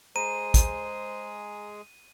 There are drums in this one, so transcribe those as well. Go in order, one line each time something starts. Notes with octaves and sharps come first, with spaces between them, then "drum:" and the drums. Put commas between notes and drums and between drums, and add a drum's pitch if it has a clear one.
G#3 G#4 C5 A#5 D#7
drum: kick, hi-hat